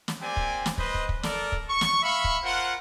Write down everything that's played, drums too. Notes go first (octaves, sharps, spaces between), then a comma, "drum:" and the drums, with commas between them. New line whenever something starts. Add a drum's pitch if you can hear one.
drum: snare
A#3 C4 G4 D5 G#5
drum: kick
drum: snare
B4 C5 D#5, drum: kick
drum: kick
drum: kick
A4 A#4 D5, drum: snare
drum: kick
C#6
drum: snare
E5 F5 B5 C#6
drum: kick
F4 A#4 C5 F#5